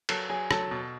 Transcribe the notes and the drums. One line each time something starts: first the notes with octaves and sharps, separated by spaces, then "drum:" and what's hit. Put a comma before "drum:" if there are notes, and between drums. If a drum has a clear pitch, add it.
F#3 A4 A5, drum: cymbal
F#3 G#4 G#5
F#3 A4 A5, drum: rim click
B2